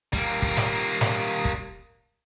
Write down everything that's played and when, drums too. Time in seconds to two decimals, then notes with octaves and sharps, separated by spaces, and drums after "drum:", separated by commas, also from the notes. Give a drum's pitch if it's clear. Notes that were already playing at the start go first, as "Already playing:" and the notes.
0.13 G3 A#3, drum: kick
0.42 drum: kick
0.57 drum: snare
1.01 drum: snare
1.45 drum: kick